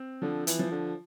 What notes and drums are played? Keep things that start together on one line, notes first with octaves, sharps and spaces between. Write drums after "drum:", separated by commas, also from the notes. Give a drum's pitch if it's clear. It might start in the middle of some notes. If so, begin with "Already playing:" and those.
Already playing: C4
D3 F3
E3, drum: hi-hat
F3
D3